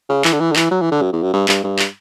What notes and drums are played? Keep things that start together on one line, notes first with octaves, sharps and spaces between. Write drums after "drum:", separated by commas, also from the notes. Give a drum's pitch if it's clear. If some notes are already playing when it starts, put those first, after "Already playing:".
C#3
E3, drum: clap
D3
E3
D3
E3, drum: clap
F#3
E3
D3
F#2
E2
F#2
G2
G2, drum: clap
G2
drum: clap